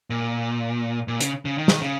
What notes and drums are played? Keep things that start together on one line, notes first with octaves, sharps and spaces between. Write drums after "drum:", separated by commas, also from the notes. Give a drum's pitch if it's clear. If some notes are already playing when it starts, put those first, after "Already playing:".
A#2
A#2
C#3, drum: hi-hat
C#3
D#3
drum: snare
C#3